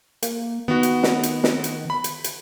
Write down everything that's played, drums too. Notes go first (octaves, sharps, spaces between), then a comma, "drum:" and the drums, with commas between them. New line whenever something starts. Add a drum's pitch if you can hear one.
A#3, drum: hi-hat
D#3 B3 F#4
drum: hi-hat
drum: snare
drum: hi-hat
drum: snare
drum: hi-hat
B5
drum: hi-hat
drum: hi-hat